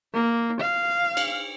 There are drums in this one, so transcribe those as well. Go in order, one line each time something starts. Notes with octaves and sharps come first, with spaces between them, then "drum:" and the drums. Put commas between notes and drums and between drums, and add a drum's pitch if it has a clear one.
A#3
F5
drum: cymbal